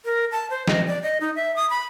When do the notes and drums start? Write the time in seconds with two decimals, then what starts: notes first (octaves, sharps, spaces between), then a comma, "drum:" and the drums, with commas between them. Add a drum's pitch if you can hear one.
0.05 A#4
0.32 A5
0.50 C5
0.68 D#5, drum: snare
0.87 D5
1.03 D#5
1.21 D#4
1.36 E5
1.56 D#6
1.70 B5